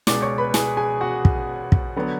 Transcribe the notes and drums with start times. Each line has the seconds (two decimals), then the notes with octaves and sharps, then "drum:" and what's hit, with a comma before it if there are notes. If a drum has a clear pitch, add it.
0.07 C#2 B2 G#3 D5 D6, drum: snare
0.22 C#5 C#6
0.38 B4 B5
0.54 G#4 G#5, drum: snare
0.77 G#4 G#5
1.01 F#4 F#5
1.25 drum: kick
1.72 drum: kick
1.96 D3 F#3 B3